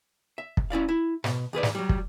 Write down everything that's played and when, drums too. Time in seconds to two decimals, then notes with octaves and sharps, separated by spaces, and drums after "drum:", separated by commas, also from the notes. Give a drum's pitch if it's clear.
0.38 E5
0.57 drum: kick
0.70 C#4 E4 D5 F5
0.89 E4
1.24 B2, drum: snare
1.53 D#2 G#4 B4 D5
1.63 drum: snare
1.75 F#3 G3
1.89 drum: kick